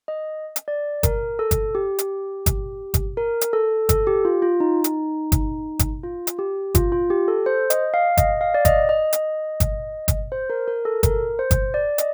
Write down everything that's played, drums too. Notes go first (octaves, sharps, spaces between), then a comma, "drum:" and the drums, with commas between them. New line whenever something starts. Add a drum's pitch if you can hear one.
D#5
drum: hi-hat
D5
A#4, drum: kick G1, hi-hat
A4
drum: kick G1, hi-hat
G4
drum: hi-hat
drum: kick G1, hi-hat
drum: kick G1, hi-hat
A#4
drum: hi-hat
A4
A4, drum: kick G1, hi-hat
G4
F4
F4
D#4
drum: hi-hat
drum: kick G1, hi-hat
drum: kick G1, hi-hat
F4
drum: hi-hat
G4
F4, drum: kick G1, hi-hat
F4
G4
A4
C5
D#5, drum: hi-hat
F5
D#5, drum: kick G1, hi-hat
F5
D5
D#5, drum: kick G1, hi-hat
D#5
drum: hi-hat
drum: kick G1, hi-hat
drum: kick G1, hi-hat
C5
A#4
A#4
A4
A#4, drum: kick G1, hi-hat
C5
drum: kick G1, hi-hat
D5
D#5, drum: hi-hat